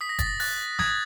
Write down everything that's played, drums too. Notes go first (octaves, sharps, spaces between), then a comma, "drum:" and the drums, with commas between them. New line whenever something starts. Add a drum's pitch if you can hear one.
D#6 B6
A#6
A6, drum: kick, hi-hat
A#6
F#6 A6, drum: open hi-hat
D#6 G#6, drum: snare